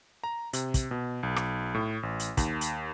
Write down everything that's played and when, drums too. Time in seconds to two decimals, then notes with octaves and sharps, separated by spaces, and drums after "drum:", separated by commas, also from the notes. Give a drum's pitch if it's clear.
0.24 A#5
0.53 C3, drum: hi-hat
0.74 drum: kick, hi-hat
0.91 B2
1.23 B1
1.36 drum: rim click
1.74 A2
2.03 A1
2.20 drum: hi-hat
2.37 D#2, drum: kick, hi-hat
2.61 drum: hi-hat